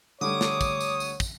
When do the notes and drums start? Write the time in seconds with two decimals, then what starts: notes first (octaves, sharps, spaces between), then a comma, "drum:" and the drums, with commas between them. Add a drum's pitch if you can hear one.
0.21 D3 G3 A3 C#5 D6 D#6
0.41 drum: snare
0.61 drum: kick, tambourine
0.80 drum: tambourine
1.00 drum: tambourine
1.20 drum: kick, tambourine